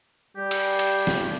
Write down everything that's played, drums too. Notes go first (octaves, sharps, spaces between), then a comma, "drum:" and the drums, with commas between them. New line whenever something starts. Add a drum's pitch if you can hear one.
G3 G4
drum: cymbal
drum: cymbal
drum: snare